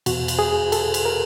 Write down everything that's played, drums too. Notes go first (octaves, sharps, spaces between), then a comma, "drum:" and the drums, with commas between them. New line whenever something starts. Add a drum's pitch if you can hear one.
E2 B2 F#4, drum: cymbal
drum: cymbal
G#4
A4, drum: cymbal
drum: cymbal
A#4